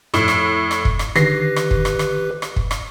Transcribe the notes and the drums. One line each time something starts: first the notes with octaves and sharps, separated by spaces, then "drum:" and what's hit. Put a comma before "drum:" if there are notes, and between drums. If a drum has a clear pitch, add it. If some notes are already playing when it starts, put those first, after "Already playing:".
F2 A2, drum: rim click
drum: rim click
drum: rim click
drum: kick
drum: rim click
D3 D#3 G4 B4 A#6 C7, drum: rim click
drum: rim click
drum: kick
drum: rim click
drum: rim click
drum: rim click
drum: kick
drum: rim click